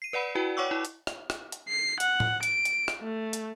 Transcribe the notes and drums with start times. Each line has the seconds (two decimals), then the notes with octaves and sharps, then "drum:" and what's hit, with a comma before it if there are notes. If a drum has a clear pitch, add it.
0.02 C7 D#7
0.13 B4 D5 F#5 B5
0.35 E4 F#4 B4 G5
0.57 C#5 F#5 C#6 D6 E6
0.71 E4
0.85 drum: hi-hat
1.07 drum: rim click
1.30 drum: rim click
1.52 drum: hi-hat
1.68 C7
2.00 F#5, drum: hi-hat
2.20 drum: tom A2
2.43 D7, drum: hi-hat
2.65 drum: hi-hat
2.88 drum: rim click
3.02 A3
3.33 drum: hi-hat